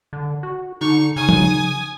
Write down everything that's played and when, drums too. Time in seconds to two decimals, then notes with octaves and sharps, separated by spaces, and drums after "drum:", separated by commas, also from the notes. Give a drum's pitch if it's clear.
0.13 D3
0.43 F#4
0.81 D3 D#4 C#6
1.16 C#3 G#5 D#6
1.29 drum: tom